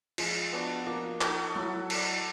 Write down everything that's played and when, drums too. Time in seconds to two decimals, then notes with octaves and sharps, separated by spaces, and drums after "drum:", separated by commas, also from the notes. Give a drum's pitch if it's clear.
0.18 F3 G#3, drum: cymbal
0.53 B3 D4 F#4
0.87 F3 A#3
1.21 D#4 F#4 A4, drum: clap
1.56 F#3 E4
1.90 A4 D5, drum: cymbal